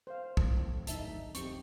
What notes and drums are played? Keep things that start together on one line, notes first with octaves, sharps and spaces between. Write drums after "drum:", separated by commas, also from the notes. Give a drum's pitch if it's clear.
C5 F5
drum: kick
F2 A2
D1 G#1 D#4 E5 A5, drum: hi-hat
D#1 F2 C4 G4 C#6, drum: hi-hat